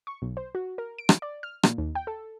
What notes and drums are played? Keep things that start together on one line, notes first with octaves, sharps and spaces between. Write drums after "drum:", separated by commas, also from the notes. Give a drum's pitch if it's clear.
C#6
B1
C5
F#4
A#4
D7
drum: rim click
D5
F6
A#2, drum: rim click
D#2
G5
A4